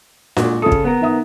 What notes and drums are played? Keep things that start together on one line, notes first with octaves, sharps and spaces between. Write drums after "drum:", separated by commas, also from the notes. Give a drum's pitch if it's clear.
A#2 G#3 F#4, drum: snare D4
C#3 A4 D#6
drum: kick
B3 A#4
D#3 E5 D#6